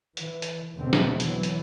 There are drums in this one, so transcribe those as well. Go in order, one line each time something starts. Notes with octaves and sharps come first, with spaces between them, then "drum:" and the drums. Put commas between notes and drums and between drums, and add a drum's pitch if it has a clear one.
E3, drum: hi-hat
drum: hi-hat
E2 B2 D3 C4
drum: snare
E3 F#3, drum: hi-hat
drum: hi-hat